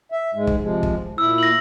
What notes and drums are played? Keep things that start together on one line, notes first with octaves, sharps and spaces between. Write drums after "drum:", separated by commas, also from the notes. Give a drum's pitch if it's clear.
E5
G#2 G#3
drum: kick
C3 F3 G#3
drum: kick
A#2 E4 E6
A#6 F#7